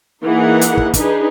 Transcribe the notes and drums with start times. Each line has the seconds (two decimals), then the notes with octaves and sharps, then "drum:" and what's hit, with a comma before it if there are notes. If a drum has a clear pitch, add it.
0.22 E3 A#3 D#4 G#4 F#5
0.61 drum: hi-hat
0.77 drum: kick
0.94 D4 D#4 G#4 B4, drum: kick, hi-hat